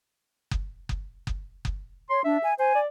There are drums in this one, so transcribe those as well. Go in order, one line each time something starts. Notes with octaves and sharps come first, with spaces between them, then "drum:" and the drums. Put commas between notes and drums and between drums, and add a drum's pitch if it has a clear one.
drum: kick F#1
drum: kick F#1
drum: kick F#1
drum: kick F#1
C#5 C6
D4 E5
G#5
C5 G#5
D5